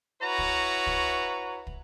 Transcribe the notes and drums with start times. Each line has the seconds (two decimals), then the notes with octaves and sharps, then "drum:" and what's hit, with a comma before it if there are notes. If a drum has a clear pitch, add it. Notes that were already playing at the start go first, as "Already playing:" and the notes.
0.22 E4 F#4 B4 C#5 A#5
0.38 drum: kick
0.86 drum: kick
1.67 drum: kick